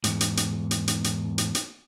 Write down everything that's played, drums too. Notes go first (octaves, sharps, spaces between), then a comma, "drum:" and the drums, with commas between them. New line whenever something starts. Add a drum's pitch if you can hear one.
E2 G#2, drum: hi-hat
drum: hi-hat
drum: hi-hat
drum: hi-hat
drum: hi-hat
drum: hi-hat
drum: hi-hat
drum: hi-hat